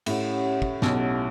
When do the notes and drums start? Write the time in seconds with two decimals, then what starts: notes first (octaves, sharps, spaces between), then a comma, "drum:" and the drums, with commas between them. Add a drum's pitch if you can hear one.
0.06 A2 C#4 G4 C#5 F#5, drum: cymbal
0.62 drum: kick
0.82 B1 B2, drum: snare